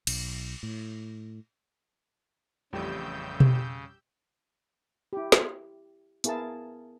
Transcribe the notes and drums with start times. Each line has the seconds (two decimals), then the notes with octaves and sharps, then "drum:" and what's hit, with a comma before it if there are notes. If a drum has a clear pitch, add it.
0.07 B1, drum: cymbal
0.63 A2
2.73 A1 F2 A2 C#3 G3 G4 E6 G6
3.40 drum: tom B2
5.13 E4 G4
5.32 drum: snare
6.24 B3 E4 G#4 A#4 F5 A5, drum: hi-hat